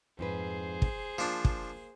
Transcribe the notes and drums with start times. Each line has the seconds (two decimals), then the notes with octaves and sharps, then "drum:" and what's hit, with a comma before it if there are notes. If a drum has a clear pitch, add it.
0.19 F2 G#2 G#4 B4 C5
0.82 drum: kick
1.18 F3 A#3 D4
1.45 drum: kick